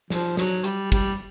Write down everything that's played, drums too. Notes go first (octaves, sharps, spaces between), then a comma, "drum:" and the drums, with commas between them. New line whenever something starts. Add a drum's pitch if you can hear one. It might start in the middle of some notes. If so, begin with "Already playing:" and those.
F3, drum: snare
F#3, drum: snare
G3, drum: hi-hat
G3, drum: kick, hi-hat